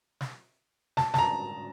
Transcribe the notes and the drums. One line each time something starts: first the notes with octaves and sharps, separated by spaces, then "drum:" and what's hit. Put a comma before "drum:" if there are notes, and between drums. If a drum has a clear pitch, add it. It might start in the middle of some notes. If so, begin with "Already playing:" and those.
drum: snare
A5, drum: snare
A5, drum: snare
A#5